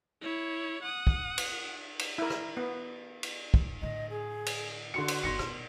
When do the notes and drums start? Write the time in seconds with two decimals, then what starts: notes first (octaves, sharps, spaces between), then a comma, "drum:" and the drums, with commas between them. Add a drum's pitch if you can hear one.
0.21 E4 C#5
0.82 F#5 D#6
1.07 drum: kick
1.38 drum: cymbal
1.99 drum: cymbal
2.18 E4 A#4
2.30 drum: rim click
2.57 B3
3.23 drum: cymbal
3.54 drum: kick
3.82 A2 D3 D#5
4.10 G#4
4.46 drum: cymbal
4.94 D3 F#4 C6 C#7
5.08 drum: cymbal
5.23 G1 E2 C6 A#6 C#7
5.39 B2, drum: rim click